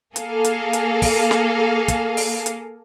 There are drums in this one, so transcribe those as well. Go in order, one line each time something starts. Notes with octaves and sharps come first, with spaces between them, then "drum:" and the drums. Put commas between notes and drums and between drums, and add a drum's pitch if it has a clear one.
A#3 G#4 A4 F5, drum: hi-hat
drum: hi-hat
drum: hi-hat
drum: kick, open hi-hat
drum: snare
drum: kick, hi-hat
drum: open hi-hat
drum: hi-hat